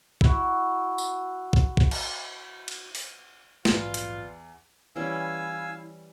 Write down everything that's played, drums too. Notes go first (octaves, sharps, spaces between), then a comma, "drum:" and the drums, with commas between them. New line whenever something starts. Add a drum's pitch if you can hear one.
E4 F#4, drum: kick
drum: tambourine
drum: kick
drum: kick
drum: cymbal
drum: cymbal
drum: open hi-hat
A#1 E2 G#2 F#3 F4 B4 D5, drum: snare
drum: hi-hat
E3 G3 C#4 E4 F5 G#5 E6